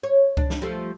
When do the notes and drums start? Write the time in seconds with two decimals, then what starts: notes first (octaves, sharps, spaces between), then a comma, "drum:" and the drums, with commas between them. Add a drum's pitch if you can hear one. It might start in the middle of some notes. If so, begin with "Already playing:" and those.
0.03 C#5
0.37 D4, drum: kick C#2
0.50 drum: snare
0.62 F3 G3 A3